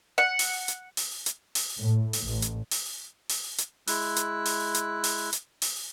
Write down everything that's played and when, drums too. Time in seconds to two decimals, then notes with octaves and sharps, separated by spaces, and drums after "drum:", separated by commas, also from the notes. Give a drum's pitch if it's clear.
0.18 F#5
0.39 drum: open hi-hat
0.68 drum: hi-hat
0.97 drum: open hi-hat
1.26 drum: hi-hat
1.55 drum: open hi-hat
1.79 A2
2.13 drum: open hi-hat
2.25 A1
2.42 drum: hi-hat
2.71 drum: open hi-hat
3.29 drum: open hi-hat
3.58 drum: hi-hat
3.87 G#3 E4 E6 F#6, drum: open hi-hat
4.16 drum: hi-hat
4.45 drum: open hi-hat
4.75 drum: hi-hat
5.04 drum: open hi-hat
5.33 drum: hi-hat
5.62 drum: open hi-hat